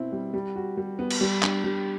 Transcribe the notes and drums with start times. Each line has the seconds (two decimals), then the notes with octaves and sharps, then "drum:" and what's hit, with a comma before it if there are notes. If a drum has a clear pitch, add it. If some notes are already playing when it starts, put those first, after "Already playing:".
Already playing: B2 C4 E4
0.12 G3
0.34 G3
0.56 F#4
0.77 G3
0.99 B3
1.11 drum: cymbal
1.21 G3
1.43 D4, drum: clap
1.64 G3